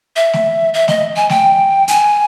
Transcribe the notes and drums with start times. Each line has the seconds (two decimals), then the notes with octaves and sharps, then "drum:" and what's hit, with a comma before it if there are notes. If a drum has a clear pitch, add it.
0.16 E5
0.33 drum: snare
0.74 E5
0.88 D#5, drum: snare
1.16 G#5
1.30 G5, drum: snare
1.88 G#5, drum: hi-hat